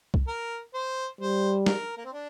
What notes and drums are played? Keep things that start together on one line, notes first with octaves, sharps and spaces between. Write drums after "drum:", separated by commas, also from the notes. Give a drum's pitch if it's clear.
drum: kick C2
A#4
C5
G3 C5
A#4, drum: snare
A#3
C4
D4